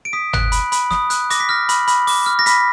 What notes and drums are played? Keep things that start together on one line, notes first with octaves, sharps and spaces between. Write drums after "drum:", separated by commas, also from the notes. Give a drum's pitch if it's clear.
D7
D#6 B6
F#6, drum: tom
B5, drum: hi-hat
B5, drum: hi-hat
D#6, drum: snare
F#6, drum: hi-hat
D6 A#6, drum: hi-hat
B6
F6 A#6
B5, drum: hi-hat
B5, drum: hi-hat
D6, drum: open hi-hat
F6
A#6
B5 B6, drum: hi-hat